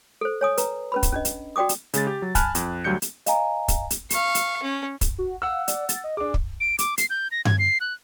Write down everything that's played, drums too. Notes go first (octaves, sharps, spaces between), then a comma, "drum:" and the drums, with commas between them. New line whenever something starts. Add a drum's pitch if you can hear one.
A4 C5
C#5 G#5 D#6
B4 A#5, drum: hi-hat
C#4 B4 B5
drum: kick, hi-hat
C#4 D4 D#5
drum: hi-hat
F#4 D5 G5 D6 D#6
drum: hi-hat
C#3 G#3 A6, drum: hi-hat
G4
F#3
G#5 A5 B5 F6 F#6, drum: kick, hi-hat
F2, drum: hi-hat
D2 F#3 G3 G6 C#7
drum: hi-hat
D#5 F5 G#5 A#5, drum: hi-hat
drum: kick, hi-hat
drum: hi-hat
F5 C#6, drum: hi-hat
drum: hi-hat
C#4
drum: kick, hi-hat
F#4
F5 F#5 E6
D5, drum: hi-hat
A6, drum: hi-hat
D#5
D4 G#4 D6
drum: kick
D7
D6, drum: hi-hat
C7, drum: hi-hat
G6
A#6
G#6, drum: tom G2
C7
F#6